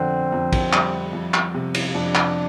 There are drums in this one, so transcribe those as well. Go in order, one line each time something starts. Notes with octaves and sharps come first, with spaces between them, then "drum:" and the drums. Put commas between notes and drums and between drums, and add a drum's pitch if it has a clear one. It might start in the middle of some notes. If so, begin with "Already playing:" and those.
Already playing: F2 D3 C4
F2
drum: kick, cymbal
G3, drum: clap
F2
drum: clap
C3
drum: cymbal
F2 D4
drum: clap